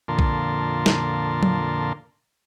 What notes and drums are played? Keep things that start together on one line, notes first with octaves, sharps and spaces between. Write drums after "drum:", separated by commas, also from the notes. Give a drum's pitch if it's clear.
F2 A#2 D3 A#4 A5 C6
drum: kick A#1
drum: snare
drum: tom F#3